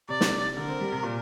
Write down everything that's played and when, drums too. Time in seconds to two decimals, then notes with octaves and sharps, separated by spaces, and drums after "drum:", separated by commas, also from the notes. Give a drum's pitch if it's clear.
0.09 C3 D5
0.21 drum: snare
0.57 D3 A#4
0.68 C4
0.81 G3
0.92 C3
1.03 A#2